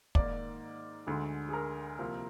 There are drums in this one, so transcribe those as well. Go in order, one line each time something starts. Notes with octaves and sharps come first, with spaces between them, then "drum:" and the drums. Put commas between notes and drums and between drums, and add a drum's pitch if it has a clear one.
G#2 D#3 A#3 D5, drum: kick
D2 D3 G#3
G#4
A#4
C2 C3 F3 A#3